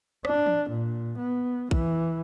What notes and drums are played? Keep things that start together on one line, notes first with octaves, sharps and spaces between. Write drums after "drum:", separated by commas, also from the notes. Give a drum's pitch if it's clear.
D4, drum: rim click
drum: tom E3
A#2
B3
E3, drum: kick